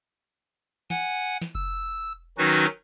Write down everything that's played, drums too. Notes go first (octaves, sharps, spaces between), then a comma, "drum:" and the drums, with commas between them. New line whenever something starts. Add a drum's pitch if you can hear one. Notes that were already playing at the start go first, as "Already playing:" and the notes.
F#5 G#5, drum: snare
drum: snare
E6, drum: kick F1
D#3 F#3 C#4 D#4 F#4 B4